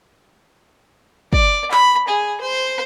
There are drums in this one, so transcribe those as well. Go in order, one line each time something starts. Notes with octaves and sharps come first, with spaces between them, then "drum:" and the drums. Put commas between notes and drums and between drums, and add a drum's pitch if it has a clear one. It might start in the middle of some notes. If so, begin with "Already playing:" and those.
D5, drum: kick
B5, drum: clap
G#4
C5